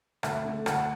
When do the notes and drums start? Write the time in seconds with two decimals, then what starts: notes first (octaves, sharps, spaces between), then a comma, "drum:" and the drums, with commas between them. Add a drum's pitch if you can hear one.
0.23 D2 E5, drum: rim click
0.45 D3 A3
0.66 D2 F#5, drum: rim click